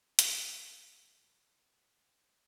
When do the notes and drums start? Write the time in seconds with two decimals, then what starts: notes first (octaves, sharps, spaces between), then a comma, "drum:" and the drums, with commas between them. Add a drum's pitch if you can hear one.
0.19 F#5, drum: hi-hat
0.82 E5
1.74 F#5
2.06 G5